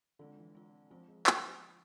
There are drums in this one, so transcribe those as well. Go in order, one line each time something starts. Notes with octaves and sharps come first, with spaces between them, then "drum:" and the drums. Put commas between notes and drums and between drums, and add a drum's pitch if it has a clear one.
D3 G#3 C4 F4
E3
G#3 C4 F4
F3 G#3 C4 F4
G#3
drum: clap